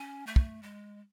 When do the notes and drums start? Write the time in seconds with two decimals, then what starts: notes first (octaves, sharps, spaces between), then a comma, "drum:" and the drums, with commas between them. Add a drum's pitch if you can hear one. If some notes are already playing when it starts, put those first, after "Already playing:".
Already playing: C#4
0.27 A3
0.36 drum: kick
0.63 G#3